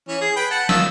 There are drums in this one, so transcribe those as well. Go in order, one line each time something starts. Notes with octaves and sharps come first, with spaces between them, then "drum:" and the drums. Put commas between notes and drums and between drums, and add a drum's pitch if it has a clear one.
E3 C#4
G#4
B4 G5
F#5 A5
D#3 F4 E6, drum: snare